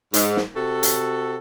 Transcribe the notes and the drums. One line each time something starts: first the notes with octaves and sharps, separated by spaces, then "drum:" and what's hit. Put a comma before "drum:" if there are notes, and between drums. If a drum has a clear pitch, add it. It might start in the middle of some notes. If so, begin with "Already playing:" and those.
G#2, drum: hi-hat
drum: snare
C3 F#4 A4
drum: hi-hat